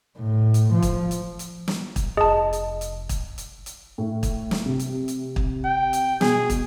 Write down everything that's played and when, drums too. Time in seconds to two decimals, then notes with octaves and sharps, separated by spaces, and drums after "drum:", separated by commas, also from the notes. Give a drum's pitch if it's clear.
0.19 A2
0.54 drum: hi-hat
0.73 F3
0.82 drum: kick, hi-hat
1.11 drum: hi-hat
1.39 drum: hi-hat
1.68 drum: snare
1.96 drum: kick, hi-hat
2.17 F1 G#4 D#5 A5
2.53 drum: hi-hat
2.81 drum: hi-hat
3.09 drum: kick, hi-hat
3.38 drum: hi-hat
3.66 drum: hi-hat
3.98 A2
4.23 drum: kick, hi-hat
4.51 drum: snare
4.66 C3
4.79 drum: hi-hat
5.08 drum: hi-hat
5.36 drum: kick
5.65 G5
5.93 drum: hi-hat
6.21 B2 G#4, drum: snare
6.50 drum: kick, hi-hat